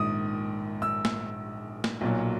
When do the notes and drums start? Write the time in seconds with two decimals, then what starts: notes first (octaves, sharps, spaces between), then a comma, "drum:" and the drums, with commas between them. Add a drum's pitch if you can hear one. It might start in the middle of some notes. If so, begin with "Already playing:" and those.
Already playing: A#1 G#2 D#3 D#6
0.82 E6
1.05 drum: snare
1.84 drum: snare
2.01 B1 A#2 F#3